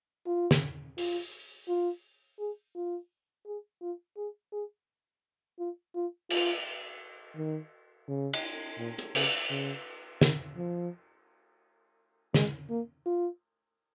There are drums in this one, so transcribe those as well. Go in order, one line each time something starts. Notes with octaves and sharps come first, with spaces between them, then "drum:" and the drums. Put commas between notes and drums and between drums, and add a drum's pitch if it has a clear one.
F4
drum: snare
F4, drum: open hi-hat
F4
G#4
F4
G#4
F4
G#4
G#4
F4
F4
F4, drum: cymbal
D#3
C#3
drum: cymbal
A#2
drum: hi-hat
C#3, drum: cymbal
C#3
D#3, drum: snare
F3
G#3, drum: snare
A#3
F4